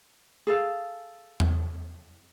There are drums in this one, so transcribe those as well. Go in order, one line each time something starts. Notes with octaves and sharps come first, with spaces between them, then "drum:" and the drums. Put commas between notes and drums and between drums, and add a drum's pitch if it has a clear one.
G#4 A4 F5
drum: tom E2